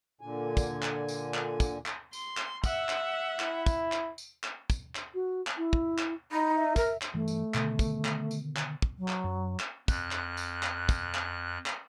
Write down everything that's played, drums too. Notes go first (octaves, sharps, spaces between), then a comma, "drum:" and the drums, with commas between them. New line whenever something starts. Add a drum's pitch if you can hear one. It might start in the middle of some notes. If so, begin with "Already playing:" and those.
A#2 D3 G#5
drum: kick, tambourine
drum: clap
drum: tambourine
drum: clap
drum: kick, tambourine
drum: clap
C6, drum: tambourine
drum: clap
E5 F#5 E6, drum: kick, tambourine
drum: clap
E4, drum: clap
drum: kick, tambourine
drum: clap
drum: tambourine
drum: clap
drum: kick, tambourine
drum: clap
F#4
drum: clap
E4
drum: kick
drum: clap
D#4 B5
E5
A#4, drum: kick, tambourine
drum: clap
G2 E3 A3
drum: tambourine
B2 D3 D#3, drum: clap
drum: kick, tambourine
drum: clap
drum: tambourine
drum: clap
drum: kick
F#3
drum: clap
F#2
drum: clap
F2 F#6, drum: kick, tambourine
drum: clap
drum: tambourine
drum: clap
drum: kick, tambourine
drum: clap
drum: clap